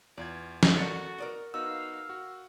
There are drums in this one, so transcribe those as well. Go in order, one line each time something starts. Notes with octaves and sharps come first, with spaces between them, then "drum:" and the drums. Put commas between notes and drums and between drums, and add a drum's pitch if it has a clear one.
E2 F4 D5 G#6
drum: snare
F#4 A4 A#4 D5 A6 C#7
A#4 D5 D#5
B3 D#4 F#4 F5 E6
F#4